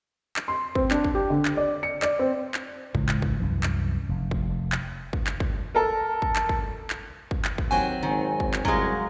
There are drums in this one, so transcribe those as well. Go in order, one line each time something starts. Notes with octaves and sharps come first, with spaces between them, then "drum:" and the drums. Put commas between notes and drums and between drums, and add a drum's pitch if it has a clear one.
drum: clap
C6
C4, drum: kick
D4, drum: clap
drum: kick
G4
D3
drum: clap
D5
C#7
D5, drum: clap
C4
drum: clap
C#2 A2, drum: kick
drum: clap
drum: kick
C2 F#2 E3
drum: clap
F1
drum: kick
drum: clap
drum: kick
drum: clap
drum: kick
A4 A#4
drum: kick
drum: clap
drum: kick
drum: clap
drum: kick
drum: clap
drum: kick
D#2 F#3 C4 F#4 G#5
G#1 D#3
drum: kick
drum: clap
C2 F#3 G#3 F4, drum: kick